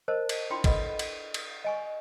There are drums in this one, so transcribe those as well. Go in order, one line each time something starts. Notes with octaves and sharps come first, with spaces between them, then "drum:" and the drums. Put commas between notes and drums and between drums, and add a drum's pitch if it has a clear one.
A#4 C5 D#5 A5
drum: cymbal
D4 E4 F4 G5 B5 C6
E4 A4 B4 D#5 F#5 B5, drum: kick A#1, cymbal
F#5, drum: cymbal
drum: cymbal
D#5 G#5 C#6